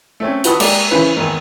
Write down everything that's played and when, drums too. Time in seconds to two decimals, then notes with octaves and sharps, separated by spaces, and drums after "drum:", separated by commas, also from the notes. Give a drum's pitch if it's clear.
0.20 A3 C4 C#4
0.44 F4 F#4 B4 F#5 A5 D#6, drum: hi-hat
0.60 G#3 A#3 G4 D5, drum: cymbal
0.91 C#3 E3 C#4 E4 B4 C5
1.16 G#1 E2 D#3 A#3